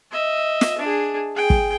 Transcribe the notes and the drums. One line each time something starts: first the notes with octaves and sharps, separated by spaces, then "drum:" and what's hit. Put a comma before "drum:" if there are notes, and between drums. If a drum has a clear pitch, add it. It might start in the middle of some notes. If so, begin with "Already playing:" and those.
D#5 E5
drum: snare
D4 G#4
G#4 G5
drum: kick